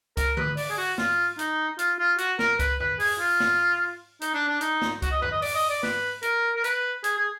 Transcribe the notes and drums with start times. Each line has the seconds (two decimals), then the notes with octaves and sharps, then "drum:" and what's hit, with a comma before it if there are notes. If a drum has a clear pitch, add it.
0.17 A#4, drum: kick C#2, hi-hat
0.37 B4, drum: tom D3
0.57 D5, drum: open hi-hat
0.70 G#4
0.78 F#4
0.98 F4, drum: snare
1.39 D#4, drum: hi-hat
1.79 F4, drum: hi-hat
1.99 F4
2.18 F#4, drum: hi-hat
2.39 A#4, drum: snare
2.59 B4, drum: kick C#2, hi-hat
2.80 B4, drum: tom F2
3.00 G#4, drum: open hi-hat
3.20 F4
3.40 drum: snare
4.21 D#4, drum: hi-hat
4.34 D4
4.48 D4
4.61 D#4, drum: hi-hat
4.82 drum: snare
5.02 F#4, drum: kick C#2, hi-hat
5.12 D#5
5.22 B4, drum: tom F2
5.32 D#5
5.42 D5, drum: open hi-hat
5.55 D#5
5.69 D5
5.83 B4, drum: snare
6.23 A#4, drum: hi-hat
6.56 A#4
6.64 B4, drum: hi-hat
7.04 G#4, drum: hi-hat
7.17 G#4